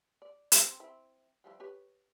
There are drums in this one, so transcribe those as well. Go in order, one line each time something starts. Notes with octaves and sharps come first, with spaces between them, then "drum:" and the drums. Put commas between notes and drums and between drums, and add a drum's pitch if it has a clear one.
D5
drum: hi-hat
C4
C4 E4
E3 F3 G3
G4 B4 C#5